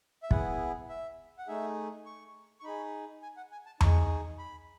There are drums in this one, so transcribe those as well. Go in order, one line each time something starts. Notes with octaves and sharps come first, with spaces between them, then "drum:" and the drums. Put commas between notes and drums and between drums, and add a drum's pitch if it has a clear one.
E5
B3 E4 G#4 F#5, drum: kick
E5
F#5
A3 D#4 G#4 E5
C#6
C#6
D#4 G#4 B5
G#5
F#5
G#5
A5
D#4 G#4 C#6, drum: tom E2
B5